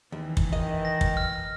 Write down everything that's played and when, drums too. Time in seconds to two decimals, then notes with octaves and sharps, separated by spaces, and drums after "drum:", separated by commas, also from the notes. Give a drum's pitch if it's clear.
0.12 D#2 E3
0.37 drum: kick
0.53 D#3 D#5
0.85 A#6
1.01 drum: kick
1.17 F6